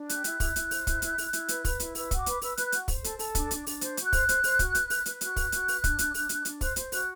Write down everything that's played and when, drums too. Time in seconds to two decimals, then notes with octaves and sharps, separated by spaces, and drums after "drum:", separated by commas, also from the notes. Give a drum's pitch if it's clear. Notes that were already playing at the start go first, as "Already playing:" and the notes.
Already playing: D4
0.09 G4 F#6, drum: hi-hat
0.24 E4, drum: hi-hat
0.40 E4, drum: kick, open hi-hat
0.56 E4, drum: hi-hat
0.71 C5, drum: open hi-hat
0.87 E4, drum: kick, hi-hat
1.02 E4, drum: hi-hat
1.18 E4, drum: open hi-hat
1.33 E4, drum: hi-hat
1.48 B4, drum: hi-hat
1.65 B4, drum: kick, open hi-hat
1.80 E4, drum: hi-hat
1.95 B4 E6, drum: open hi-hat
2.11 F#4, drum: kick, hi-hat
2.18 D6
2.26 B4, drum: hi-hat
2.42 B4 E6, drum: open hi-hat
2.54 F#6
2.57 B4, drum: hi-hat
2.65 F#6
2.72 F#4, drum: hi-hat
2.88 C5, drum: kick, open hi-hat
3.04 A4, drum: hi-hat
3.19 A4, drum: open hi-hat
3.35 D4, drum: kick, hi-hat
3.51 D4, drum: hi-hat
3.67 D4, drum: open hi-hat
3.81 C5 G6, drum: hi-hat
3.97 F#4, drum: hi-hat
4.04 F#6
4.13 C5, drum: kick, open hi-hat
4.29 C5, drum: hi-hat
4.44 C5, drum: open hi-hat
4.59 F#4, drum: kick, hi-hat
4.75 B4, drum: hi-hat
4.90 B4, drum: open hi-hat
5.06 B4, drum: hi-hat
5.21 F#4 F#6, drum: hi-hat
5.36 B4, drum: kick, open hi-hat
5.52 F#4, drum: hi-hat
5.68 B4, drum: open hi-hat
5.84 D4, drum: kick, hi-hat
5.99 D4, drum: hi-hat
6.14 D4, drum: open hi-hat
6.29 D4, drum: hi-hat
6.45 D4, drum: hi-hat
6.61 C5 F#6, drum: kick, open hi-hat
6.76 C5 G6, drum: hi-hat
6.92 F#4 F#6, drum: open hi-hat